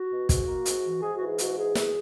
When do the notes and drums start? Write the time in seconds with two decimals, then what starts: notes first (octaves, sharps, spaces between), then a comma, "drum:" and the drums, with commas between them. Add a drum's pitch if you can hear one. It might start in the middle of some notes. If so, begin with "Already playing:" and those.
Already playing: F#4
0.11 B2
0.29 G#2 F#4, drum: kick, hi-hat
0.47 A#3
0.65 G#2, drum: hi-hat
0.83 E3
1.02 G#2 G#4
1.15 F#4
1.21 E3
1.27 G#4
1.38 G#2 F#4, drum: hi-hat
1.57 E3 G#4
1.75 F#2 G#4, drum: snare